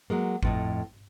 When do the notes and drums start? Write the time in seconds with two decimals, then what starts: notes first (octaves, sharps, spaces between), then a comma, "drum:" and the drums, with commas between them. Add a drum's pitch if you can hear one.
0.10 F#3 G#3 A#3
0.43 F2 A2 D#5, drum: kick G#1